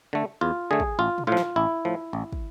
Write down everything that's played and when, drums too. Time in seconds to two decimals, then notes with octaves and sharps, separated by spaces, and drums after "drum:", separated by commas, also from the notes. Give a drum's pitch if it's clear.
0.13 D3 A3
0.41 E2 F4
0.71 D3 A3 G#4
0.80 drum: kick
0.99 A1 F4
1.18 drum: tom A#2
1.27 A2 F3 F4
1.37 drum: snare
1.56 A1 E4
1.85 A2 F3
2.13 A1
2.32 drum: kick